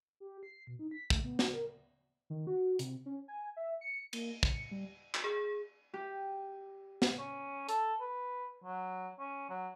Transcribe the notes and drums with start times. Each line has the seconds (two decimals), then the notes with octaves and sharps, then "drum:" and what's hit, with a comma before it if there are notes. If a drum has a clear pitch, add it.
0.20 G4
0.43 C7
0.67 B2
0.79 D#4
0.91 B6
1.10 A3, drum: kick
1.24 B3
1.39 F#4, drum: snare
1.53 A#4
2.30 D#3
2.47 F#4
2.79 C3, drum: hi-hat
3.06 C#4
3.28 G#5
3.57 E5
3.81 C#7
4.13 A#3, drum: cymbal
4.43 C#7, drum: kick
4.71 G3
5.14 drum: clap
5.24 G#4
5.94 G4
7.02 drum: snare
7.19 C#4
7.69 A4, drum: hi-hat
8.01 B4
8.64 F#3
9.19 C#4
9.50 F#3